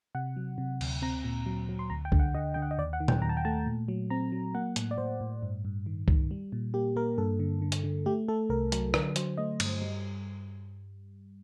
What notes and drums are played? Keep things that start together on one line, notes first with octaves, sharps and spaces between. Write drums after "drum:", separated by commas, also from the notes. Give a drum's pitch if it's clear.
C3 F#5
F#3
C3
D2, drum: cymbal
C4 A#5
A#2
F#3
F#3
C6
D2 A#5
G5
D3, drum: kick C2
F#5
D3 D#5
D3 G5
F#5
D#5
D#2 D5
F#5
D#3
G5, drum: tom A#2
D#2 A#5
A5
G5
A3 A5
A#2
F#3
C4 A#5
F#3
A#3 F#5
A2, drum: hi-hat
D5
A2 C5
A2
G2
G2
D#3
D#3, drum: kick C2
G3
A#2
A#3 G4
A#3 A#4
G2 A4
D3
D3
drum: hi-hat
D3
A3 G4
A3 A4
C2 A#4
F#3 A#4, drum: hi-hat
D3 A#4, drum: rim click
F#3 C5, drum: hi-hat
A3 D#5
G2, drum: cymbal
G3